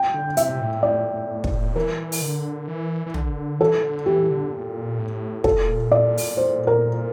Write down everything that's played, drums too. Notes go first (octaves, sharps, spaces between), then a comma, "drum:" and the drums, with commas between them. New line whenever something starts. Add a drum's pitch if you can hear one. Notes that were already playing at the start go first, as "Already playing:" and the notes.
Already playing: G5
D3
C3 E5, drum: hi-hat
A2
D5
drum: kick
E3 A#4
drum: open hi-hat
D3
E3
E3
D3, drum: tom
E3 A4
D3
E3 G4
D3
A#2
A2
A#2 A4, drum: kick
D5
drum: open hi-hat
C5
A#4